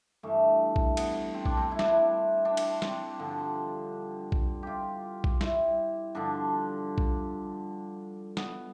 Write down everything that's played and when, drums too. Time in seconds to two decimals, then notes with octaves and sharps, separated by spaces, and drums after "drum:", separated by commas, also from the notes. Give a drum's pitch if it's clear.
0.23 G2 E3 A3
0.76 drum: kick A#1
0.97 B3, drum: cymbal
1.34 C4
1.46 D4, drum: kick A#1
1.57 C4
1.71 E4
1.79 D4, drum: snare
1.88 E4
2.45 D4
2.57 drum: cymbal
2.82 C4, drum: snare
3.19 G2 D3 F3
4.32 drum: kick A#1
4.63 F4 G4
5.24 drum: kick A#1
5.41 E4, drum: snare
6.15 G2 D3 F3 D4
6.98 drum: kick A#1
8.37 B3, drum: snare